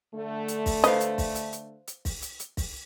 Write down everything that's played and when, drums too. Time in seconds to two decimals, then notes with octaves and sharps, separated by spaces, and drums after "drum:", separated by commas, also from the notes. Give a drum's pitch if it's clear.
0.14 D3 A3
0.48 drum: hi-hat
0.66 drum: kick, open hi-hat
0.84 B4 C5 D#5 F5, drum: hi-hat
1.01 drum: hi-hat
1.18 drum: kick, open hi-hat
1.35 drum: hi-hat
1.53 drum: hi-hat
1.88 drum: hi-hat
2.05 drum: kick, open hi-hat
2.22 drum: hi-hat
2.40 drum: hi-hat
2.57 drum: kick, open hi-hat